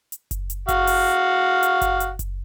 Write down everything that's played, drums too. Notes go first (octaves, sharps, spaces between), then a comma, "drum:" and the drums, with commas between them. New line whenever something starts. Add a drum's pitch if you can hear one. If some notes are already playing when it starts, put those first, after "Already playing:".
drum: hi-hat
drum: kick F#1, hi-hat
drum: hi-hat
F#4 F5, drum: kick F#1, hi-hat
drum: open hi-hat
drum: hi-hat
drum: kick F#1, hi-hat
drum: hi-hat
drum: kick F#1, hi-hat